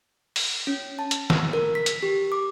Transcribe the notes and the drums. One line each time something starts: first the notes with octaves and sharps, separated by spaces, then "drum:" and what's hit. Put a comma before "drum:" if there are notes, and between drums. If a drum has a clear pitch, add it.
drum: open hi-hat
C#4
A5
drum: hi-hat
E6, drum: snare
A#4
B6
drum: hi-hat
G4
D6